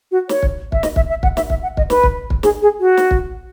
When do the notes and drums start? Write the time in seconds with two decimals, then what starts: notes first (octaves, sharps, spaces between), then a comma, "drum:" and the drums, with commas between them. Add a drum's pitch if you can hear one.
0.11 F#4
0.29 C#5, drum: snare
0.43 drum: kick
0.72 E5, drum: kick
0.83 D#5, drum: snare
0.96 E5, drum: kick
1.09 E5
1.23 F#5, drum: kick
1.37 E5, drum: snare
1.50 E5, drum: kick
1.63 F#5
1.77 D#5, drum: kick
1.90 B4, drum: snare
2.04 drum: kick
2.30 drum: kick
2.43 G#4, drum: snare
2.62 G#4
2.80 F#4
2.97 drum: snare
3.11 drum: kick